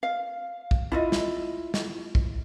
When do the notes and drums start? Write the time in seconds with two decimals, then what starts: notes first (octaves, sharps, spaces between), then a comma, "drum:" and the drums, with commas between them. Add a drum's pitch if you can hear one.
0.03 F5
0.71 drum: kick
0.92 E4 F4 D#5
1.12 drum: snare
1.74 drum: snare
2.15 drum: kick